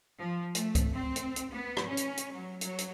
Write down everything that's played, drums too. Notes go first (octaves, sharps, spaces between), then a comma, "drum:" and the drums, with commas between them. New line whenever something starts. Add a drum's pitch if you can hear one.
F3
A3, drum: hi-hat
drum: kick C#2, hi-hat
C4
drum: hi-hat
drum: hi-hat
B3
drum: rim click
C#4
drum: hi-hat
drum: hi-hat
F#3
F#3, drum: hi-hat
drum: hi-hat